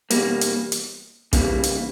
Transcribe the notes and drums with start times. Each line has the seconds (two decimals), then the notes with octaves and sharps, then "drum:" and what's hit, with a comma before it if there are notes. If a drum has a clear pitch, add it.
0.10 E2 B2 G3 A#3, drum: hi-hat
0.41 drum: hi-hat
0.72 drum: hi-hat
1.33 E2 C#3 E3 G3 A#3, drum: kick, hi-hat
1.63 drum: hi-hat